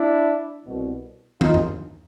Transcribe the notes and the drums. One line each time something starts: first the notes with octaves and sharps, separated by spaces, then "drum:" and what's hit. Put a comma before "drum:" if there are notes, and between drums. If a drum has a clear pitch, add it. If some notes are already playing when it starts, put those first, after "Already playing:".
Already playing: D4 E4
C2 B2
D#2 D#3 D#4 F4, drum: tom
drum: tom F#2